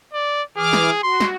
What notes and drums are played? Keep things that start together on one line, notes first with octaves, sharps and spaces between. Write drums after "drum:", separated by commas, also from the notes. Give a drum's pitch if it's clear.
D5
E3 G#4 D6 F6
drum: snare
F#4 C6
drum: snare